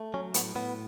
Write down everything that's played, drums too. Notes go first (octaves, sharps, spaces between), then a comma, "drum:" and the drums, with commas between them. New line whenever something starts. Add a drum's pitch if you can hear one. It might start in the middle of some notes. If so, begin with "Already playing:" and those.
Already playing: A3
F#3 C#4
A2 B3, drum: hi-hat
A2 B3